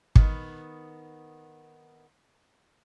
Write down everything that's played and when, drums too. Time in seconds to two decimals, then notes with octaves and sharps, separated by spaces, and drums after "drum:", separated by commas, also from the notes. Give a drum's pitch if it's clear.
0.16 D#3 B3, drum: kick